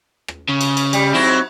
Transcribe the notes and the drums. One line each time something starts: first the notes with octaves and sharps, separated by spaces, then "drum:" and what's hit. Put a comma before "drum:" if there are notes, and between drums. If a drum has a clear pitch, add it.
drum: rim click
C#3
drum: cymbal
drum: cymbal
G3, drum: cymbal
G#2 F#3 C4 E4